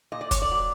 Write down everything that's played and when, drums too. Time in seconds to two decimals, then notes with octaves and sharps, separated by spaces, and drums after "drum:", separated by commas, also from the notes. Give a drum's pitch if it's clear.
0.12 A#2 D#5
0.21 D5
0.31 C#5, drum: kick, hi-hat
0.42 D5
0.51 F#3